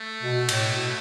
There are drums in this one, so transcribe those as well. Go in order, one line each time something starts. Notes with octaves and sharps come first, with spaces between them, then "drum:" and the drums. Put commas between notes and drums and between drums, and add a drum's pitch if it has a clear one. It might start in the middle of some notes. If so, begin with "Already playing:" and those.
Already playing: A3
B2
A2, drum: cymbal
B2